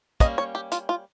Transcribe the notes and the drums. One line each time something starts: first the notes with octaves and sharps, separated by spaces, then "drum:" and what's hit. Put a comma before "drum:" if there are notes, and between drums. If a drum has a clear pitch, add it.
G3 A#3 C#4 D#5, drum: kick, hi-hat
C#5
G4
F4, drum: hi-hat
F4